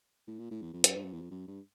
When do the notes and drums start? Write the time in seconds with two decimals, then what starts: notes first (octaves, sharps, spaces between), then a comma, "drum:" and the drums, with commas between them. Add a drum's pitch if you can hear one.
0.28 A2
0.39 A#2
0.51 A2
0.62 E2
0.73 F2
0.84 F#2, drum: hi-hat
0.96 G2
1.05 F#2
1.13 E2
1.21 F2
1.31 F#2
1.48 G2